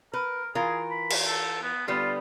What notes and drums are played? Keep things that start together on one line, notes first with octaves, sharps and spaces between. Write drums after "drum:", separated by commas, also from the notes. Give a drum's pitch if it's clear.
A#4 B4
E3 F4 G#4 A#4
B5
drum: cymbal
A4
B3
D3 G3 B3 F4